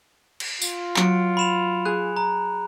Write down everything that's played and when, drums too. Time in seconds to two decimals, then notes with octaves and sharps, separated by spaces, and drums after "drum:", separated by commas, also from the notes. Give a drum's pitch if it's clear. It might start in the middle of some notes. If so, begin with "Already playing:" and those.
0.40 drum: cymbal
0.62 F4, drum: tambourine
0.96 F#3 C#7 D7, drum: clap
1.37 B5 E7 F7
1.85 G#4 F#6
2.17 A#5